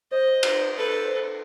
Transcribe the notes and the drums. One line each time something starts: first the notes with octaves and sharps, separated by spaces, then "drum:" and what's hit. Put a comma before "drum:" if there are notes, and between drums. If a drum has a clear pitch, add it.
C5 D#5
drum: cymbal
A4 B4